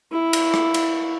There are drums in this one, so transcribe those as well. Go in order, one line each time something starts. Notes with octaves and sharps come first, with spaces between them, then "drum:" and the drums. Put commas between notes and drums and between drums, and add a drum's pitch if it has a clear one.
E4
drum: cymbal
drum: rim click
drum: cymbal